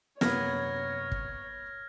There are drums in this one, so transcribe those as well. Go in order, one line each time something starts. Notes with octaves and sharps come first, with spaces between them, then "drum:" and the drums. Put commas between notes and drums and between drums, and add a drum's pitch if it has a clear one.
F#2 C3 A#3 B3 C#5 F6 G#6 A#6, drum: snare
drum: kick